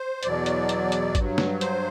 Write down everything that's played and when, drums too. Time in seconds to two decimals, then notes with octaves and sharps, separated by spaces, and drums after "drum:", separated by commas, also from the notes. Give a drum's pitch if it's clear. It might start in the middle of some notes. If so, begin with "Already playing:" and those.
Already playing: C5
0.23 E2 B2 F#3 D5, drum: hi-hat
0.46 drum: hi-hat
0.69 drum: hi-hat
0.92 drum: hi-hat
1.15 G2 F#3, drum: kick, hi-hat
1.38 drum: snare
1.61 C5, drum: hi-hat